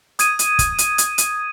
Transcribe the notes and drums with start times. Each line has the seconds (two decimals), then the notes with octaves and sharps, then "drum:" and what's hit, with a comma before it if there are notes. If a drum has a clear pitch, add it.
0.19 D#6 G#6 D#7, drum: hi-hat
0.39 drum: hi-hat
0.59 drum: kick, hi-hat
0.78 drum: hi-hat
0.98 drum: hi-hat
1.18 drum: hi-hat